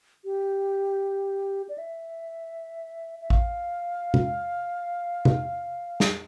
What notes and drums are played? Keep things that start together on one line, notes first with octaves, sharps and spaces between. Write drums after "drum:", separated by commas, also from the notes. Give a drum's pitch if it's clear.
G4
D5
E5
E5
F5, drum: kick A1
drum: tom C3
drum: tom C3
drum: snare